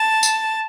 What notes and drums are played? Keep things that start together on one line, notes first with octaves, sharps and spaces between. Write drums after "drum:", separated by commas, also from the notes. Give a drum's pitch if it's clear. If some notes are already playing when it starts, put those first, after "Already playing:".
Already playing: A5
drum: tambourine